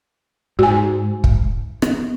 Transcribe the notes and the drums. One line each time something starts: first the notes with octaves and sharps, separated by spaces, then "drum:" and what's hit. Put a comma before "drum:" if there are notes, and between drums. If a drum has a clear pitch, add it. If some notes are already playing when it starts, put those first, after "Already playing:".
G#2 F#4 G#5
drum: kick
B3, drum: rim click